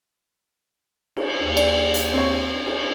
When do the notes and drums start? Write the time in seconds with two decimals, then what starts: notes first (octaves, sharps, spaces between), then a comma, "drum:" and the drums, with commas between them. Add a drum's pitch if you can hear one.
1.17 drum: cymbal
1.42 D#2
1.57 D5, drum: cymbal
1.94 drum: hi-hat
2.13 C4 C#5
2.66 drum: cymbal